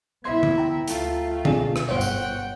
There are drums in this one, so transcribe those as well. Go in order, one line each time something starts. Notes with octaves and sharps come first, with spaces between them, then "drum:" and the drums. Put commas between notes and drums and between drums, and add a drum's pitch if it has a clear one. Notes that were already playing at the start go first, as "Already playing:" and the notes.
B3 E4 E5 C6 G#6
drum: tom D3
G5 A#5
D2 A3 F4, drum: hi-hat
C2 B2 D4 G#4, drum: tom D3
drum: rim click
G1 C5 C#5 F#5 G5
drum: tambourine